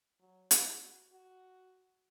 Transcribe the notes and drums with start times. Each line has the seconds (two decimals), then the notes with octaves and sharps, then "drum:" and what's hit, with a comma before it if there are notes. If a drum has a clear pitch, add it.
0.20 F#3
0.51 E4, drum: hi-hat
0.82 F#4
1.12 F#4